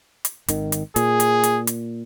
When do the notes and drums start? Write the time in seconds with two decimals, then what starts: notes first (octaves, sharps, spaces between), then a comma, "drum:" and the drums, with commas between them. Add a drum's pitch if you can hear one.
0.25 drum: hi-hat
0.48 G#1 D#3, drum: hi-hat
0.72 drum: hi-hat
0.96 A#2 G#4, drum: hi-hat
1.20 drum: hi-hat
1.44 drum: hi-hat
1.67 drum: hi-hat